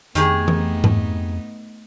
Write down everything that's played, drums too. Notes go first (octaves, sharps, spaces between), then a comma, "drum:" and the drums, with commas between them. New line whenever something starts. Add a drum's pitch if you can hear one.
F2 D#3 A3 B3 D#4 G4 G#4, drum: hi-hat
drum: tom E3
drum: tom G#2